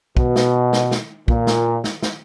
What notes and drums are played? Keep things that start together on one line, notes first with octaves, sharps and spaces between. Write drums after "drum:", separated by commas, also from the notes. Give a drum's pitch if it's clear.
B2, drum: kick
drum: snare
drum: snare
drum: snare
A#2, drum: kick
drum: snare
drum: snare
drum: snare